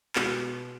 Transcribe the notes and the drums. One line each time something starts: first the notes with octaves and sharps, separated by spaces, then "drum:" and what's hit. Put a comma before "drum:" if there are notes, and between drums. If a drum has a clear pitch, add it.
B2 G#3 B3, drum: clap